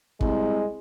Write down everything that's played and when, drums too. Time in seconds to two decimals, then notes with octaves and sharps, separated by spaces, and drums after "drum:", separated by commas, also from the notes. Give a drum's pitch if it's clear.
0.21 C2 G#3, drum: kick